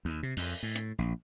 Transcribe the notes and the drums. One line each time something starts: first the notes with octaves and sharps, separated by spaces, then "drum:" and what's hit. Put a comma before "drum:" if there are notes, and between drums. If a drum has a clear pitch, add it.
D#2
C3
F2, drum: open hi-hat
A2
drum: hi-hat
A#1